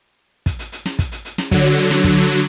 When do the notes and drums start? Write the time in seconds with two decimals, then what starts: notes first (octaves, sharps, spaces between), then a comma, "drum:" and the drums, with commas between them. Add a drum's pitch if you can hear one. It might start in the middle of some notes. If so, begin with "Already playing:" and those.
0.46 drum: kick, hi-hat
0.59 drum: hi-hat
0.72 drum: hi-hat
0.86 drum: snare
0.99 drum: kick, hi-hat
1.12 drum: hi-hat
1.25 drum: hi-hat
1.38 drum: snare
1.51 D3 F#3, drum: kick, hi-hat
1.65 drum: hi-hat
1.78 drum: hi-hat
1.91 drum: snare
2.04 drum: kick, hi-hat
2.17 drum: hi-hat
2.30 drum: hi-hat